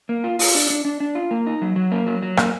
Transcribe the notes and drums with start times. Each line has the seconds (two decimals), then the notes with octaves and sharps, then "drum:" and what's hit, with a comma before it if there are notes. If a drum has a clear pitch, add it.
0.09 A#3
0.24 F4
0.39 F4, drum: open hi-hat
0.55 D4
0.70 D4
0.85 D4
1.00 D4
1.15 F4
1.31 A#3
1.46 D#4
1.62 F#3
1.76 F#3
1.92 A#3
2.07 F#3
2.22 F#3
2.37 A#3, drum: rim click